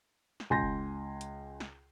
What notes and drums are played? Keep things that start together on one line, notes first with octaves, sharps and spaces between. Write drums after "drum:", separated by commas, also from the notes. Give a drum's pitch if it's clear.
drum: snare
C#2 G#5 C6 G6 A#6
drum: kick F1
drum: hi-hat
drum: snare